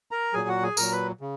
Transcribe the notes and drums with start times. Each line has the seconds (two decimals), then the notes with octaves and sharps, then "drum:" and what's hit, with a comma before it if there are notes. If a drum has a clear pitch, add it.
0.11 A#4 A#5
0.33 A#2 F#3 G#4 G#5
0.48 F#4 F#5
0.63 G#4 G#5
0.77 A#2 F#3 A#4 A#5, drum: tambourine
0.92 B4 B5
1.21 C#3